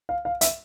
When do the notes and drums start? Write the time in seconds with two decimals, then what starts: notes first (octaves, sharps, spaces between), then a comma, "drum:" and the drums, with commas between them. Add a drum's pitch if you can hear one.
0.09 F5
0.25 F5
0.41 E5, drum: hi-hat